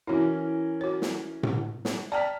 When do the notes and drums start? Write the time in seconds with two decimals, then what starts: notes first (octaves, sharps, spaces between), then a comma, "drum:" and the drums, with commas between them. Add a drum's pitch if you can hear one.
0.07 E3 C#4 E4 F#4 A#4
0.81 F#4 C#5
1.02 drum: snare
1.43 drum: tom A2
1.85 drum: snare
2.12 D5 G5 A5 A#5 F6 B6